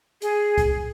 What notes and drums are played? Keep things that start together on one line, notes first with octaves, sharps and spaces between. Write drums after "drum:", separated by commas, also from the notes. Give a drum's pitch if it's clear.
G#4, drum: hi-hat
drum: kick C2, hi-hat